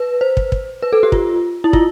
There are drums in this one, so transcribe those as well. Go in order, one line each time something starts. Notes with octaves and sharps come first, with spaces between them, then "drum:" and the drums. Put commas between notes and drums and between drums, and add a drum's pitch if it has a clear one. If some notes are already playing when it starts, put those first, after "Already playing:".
Already playing: B4
C5
drum: kick
drum: kick
B4
A4
G4
F4, drum: kick
E4
F4, drum: kick